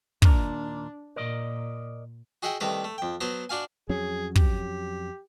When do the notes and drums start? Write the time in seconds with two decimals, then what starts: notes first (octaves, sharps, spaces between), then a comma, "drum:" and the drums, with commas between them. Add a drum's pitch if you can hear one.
0.22 D#2 A#2 D4 A#4, drum: kick
1.16 A#2 A#4 D5 D#5
2.43 F#4 G#4 D#5 E5 F#5 G5
2.60 C2 D#3 A3 B4 A#5 D#6
2.84 A3
2.98 F2 G5
3.21 F#3 B3 C5 A5 A#5
3.49 D4 F#4 F5 G#5
3.89 F2 F#3 C#4 G#4
4.36 G4, drum: kick